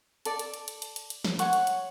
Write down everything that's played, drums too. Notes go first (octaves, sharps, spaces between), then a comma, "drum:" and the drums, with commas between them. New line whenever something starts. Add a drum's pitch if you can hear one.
A4 D5 A5, drum: hi-hat
drum: hi-hat
drum: hi-hat
drum: hi-hat
drum: hi-hat
drum: hi-hat
drum: hi-hat
drum: snare
C#5 F#5 C#6, drum: hi-hat
drum: hi-hat
drum: hi-hat